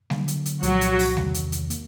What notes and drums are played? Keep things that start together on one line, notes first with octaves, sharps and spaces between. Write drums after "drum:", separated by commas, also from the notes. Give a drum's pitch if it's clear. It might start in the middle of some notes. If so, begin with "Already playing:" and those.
D3 F#3 A#3, drum: snare G3
drum: hi-hat
drum: hi-hat
C2 A#2 F3 F#3 F#4, drum: hi-hat
drum: hi-hat
drum: open hi-hat
E2 C3 D#3, drum: snare G3
drum: hi-hat
drum: hi-hat
A#3, drum: hi-hat